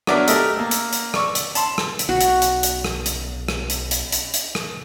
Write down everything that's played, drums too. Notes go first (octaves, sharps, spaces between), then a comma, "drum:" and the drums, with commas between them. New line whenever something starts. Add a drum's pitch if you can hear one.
F#3 B3 D4 A#4 D5 E5, drum: rim click
A3 G4 A#4 D#5 E5, drum: hi-hat
A#3 E6
drum: hi-hat
drum: hi-hat
D5 C#6 E6, drum: rim click
drum: hi-hat
A5 C6, drum: hi-hat
drum: rim click
drum: hi-hat
B1 F#4
drum: hi-hat
drum: hi-hat
drum: hi-hat
drum: rim click
drum: hi-hat
drum: rim click
drum: hi-hat
drum: hi-hat
drum: hi-hat
drum: hi-hat
drum: rim click